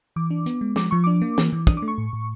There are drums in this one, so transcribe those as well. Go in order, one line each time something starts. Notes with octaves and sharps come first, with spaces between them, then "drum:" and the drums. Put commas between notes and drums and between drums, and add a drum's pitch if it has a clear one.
E3 D6
D4
B3, drum: hi-hat
G#3
F3 D6, drum: snare
F3 C#6
D4 D6
A#3
E3, drum: snare
E3
D4 D#6, drum: kick, hi-hat
D6
A3
C#6
A2
A2